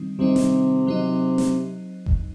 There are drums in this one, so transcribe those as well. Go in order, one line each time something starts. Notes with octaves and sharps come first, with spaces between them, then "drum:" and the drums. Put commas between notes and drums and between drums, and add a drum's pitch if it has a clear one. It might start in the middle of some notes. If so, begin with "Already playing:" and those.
Already playing: D#3 G3 C4 D#4
C3 D#3 G3 C4 D#4
drum: snare
F#3 C4 D#4
drum: snare
drum: kick F#1